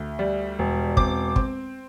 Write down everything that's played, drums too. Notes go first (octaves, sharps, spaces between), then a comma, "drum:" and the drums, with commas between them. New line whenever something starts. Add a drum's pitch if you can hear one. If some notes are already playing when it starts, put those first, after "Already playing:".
Already playing: D2
G3
E1
C4 D6, drum: kick
C4, drum: kick